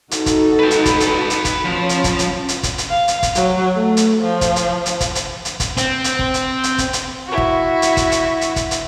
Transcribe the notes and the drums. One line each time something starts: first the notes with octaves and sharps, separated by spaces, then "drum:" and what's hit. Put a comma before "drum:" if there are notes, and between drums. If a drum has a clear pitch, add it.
D#4 F#4 A4, drum: hi-hat
drum: kick, hi-hat
B4 G5
drum: hi-hat
drum: kick, hi-hat
drum: hi-hat
drum: hi-hat
drum: kick, hi-hat
F3 C#4
drum: hi-hat
drum: kick, hi-hat
drum: hi-hat
drum: hi-hat
drum: kick, hi-hat
drum: hi-hat
F5
drum: hi-hat
drum: kick, hi-hat
F#3, drum: hi-hat
A3
drum: hi-hat
F3
drum: kick, hi-hat
drum: hi-hat
drum: hi-hat
drum: kick, hi-hat
drum: hi-hat
drum: hi-hat
drum: kick, hi-hat
C4, drum: hi-hat
drum: hi-hat
drum: kick
drum: hi-hat
drum: hi-hat
drum: kick, hi-hat
drum: hi-hat
E4 F#4
drum: kick
drum: hi-hat
drum: kick, hi-hat
drum: hi-hat
drum: hi-hat
drum: kick, hi-hat
drum: hi-hat